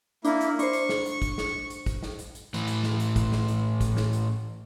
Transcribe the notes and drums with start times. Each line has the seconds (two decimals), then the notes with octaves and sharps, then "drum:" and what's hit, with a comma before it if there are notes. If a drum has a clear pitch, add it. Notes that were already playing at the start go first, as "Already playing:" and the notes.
0.25 A#3 D4 E4, drum: hi-hat
0.41 drum: hi-hat
0.59 D4 C5 C#6, drum: hi-hat
0.73 drum: hi-hat
0.89 drum: snare
1.05 drum: hi-hat
1.22 drum: kick, hi-hat
1.38 drum: snare
1.70 drum: hi-hat
1.86 drum: kick, hi-hat
2.03 drum: snare
2.19 drum: hi-hat
2.35 drum: hi-hat
2.54 A2 E3, drum: hi-hat
2.67 drum: hi-hat
2.84 drum: snare
3.00 drum: hi-hat
3.16 drum: kick, hi-hat
3.32 drum: snare
3.48 drum: hi-hat
3.81 drum: kick, hi-hat
3.97 drum: snare
4.13 drum: hi-hat